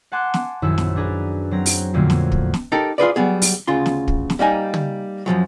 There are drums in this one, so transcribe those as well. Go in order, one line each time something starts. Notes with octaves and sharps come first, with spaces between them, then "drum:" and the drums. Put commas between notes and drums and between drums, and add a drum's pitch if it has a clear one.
F#5 G#5 A5 C6 D6 F#6
drum: snare
A#1 F#2 D#3 E4 G#5 E6
drum: snare
D4 G#4 B4 A#5
F#3 C4 A#5
drum: open hi-hat
F2 A#2 D3 F#3 A3 A#3
drum: snare
drum: kick
drum: snare
D#4 G4 A4 A#4
F4 G#4 B4 D5
F#3 G3 B3 G#4
drum: open hi-hat
D2 C#3 F4 C6
drum: snare
drum: kick
drum: snare
G3 A#3 D#4 G#5
drum: tom
F#2 A2 F3 F#3